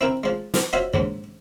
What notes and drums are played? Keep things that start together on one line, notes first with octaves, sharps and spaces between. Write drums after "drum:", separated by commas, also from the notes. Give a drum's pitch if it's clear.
C4 E4 A#4 G5
F3 G#3
drum: snare
F4 F#4 C5 C#5 D#5 E5
A#1 D#2 G#2, drum: kick